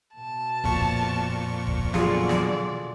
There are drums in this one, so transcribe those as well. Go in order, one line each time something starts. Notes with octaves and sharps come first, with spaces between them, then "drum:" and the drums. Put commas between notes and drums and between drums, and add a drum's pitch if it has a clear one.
B2 A5
F2 A#2 C#6, drum: kick
drum: kick
B2 D3 F#3 F4 G#4 D5, drum: snare
drum: snare